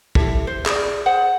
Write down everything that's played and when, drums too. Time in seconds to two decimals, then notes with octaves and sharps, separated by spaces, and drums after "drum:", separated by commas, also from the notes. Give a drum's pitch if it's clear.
0.15 E4 G4 A4 E5, drum: kick
0.47 C5
0.66 G#4 D5, drum: clap
1.06 G#4 C5 F#5